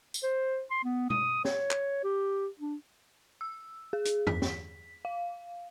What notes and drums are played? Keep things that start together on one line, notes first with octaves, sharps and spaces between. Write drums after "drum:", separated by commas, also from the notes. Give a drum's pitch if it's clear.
drum: tambourine
C5
C6
B3
D#6, drum: tom B2
C#5, drum: snare
drum: clap
G4
D4
E6
G#4
drum: hi-hat
B6, drum: tom E2
drum: snare
F5